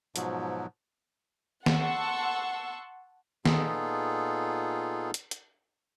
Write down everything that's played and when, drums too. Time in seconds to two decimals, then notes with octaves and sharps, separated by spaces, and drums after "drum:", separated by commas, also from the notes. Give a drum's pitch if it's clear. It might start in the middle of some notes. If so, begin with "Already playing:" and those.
0.16 G#2 B2 F3 F#3, drum: hi-hat
1.66 F#5 A5 C6 C#6 E6, drum: snare
3.45 A#2 B3 D#4 F4 G#4 A4, drum: snare
5.14 drum: hi-hat
5.31 drum: hi-hat